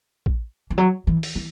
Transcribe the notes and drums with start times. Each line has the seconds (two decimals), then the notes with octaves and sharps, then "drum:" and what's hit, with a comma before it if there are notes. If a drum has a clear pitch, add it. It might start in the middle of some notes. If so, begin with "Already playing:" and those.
0.26 drum: kick A1
0.70 E3
0.78 F#3
1.07 E3
1.23 drum: open hi-hat
1.36 E3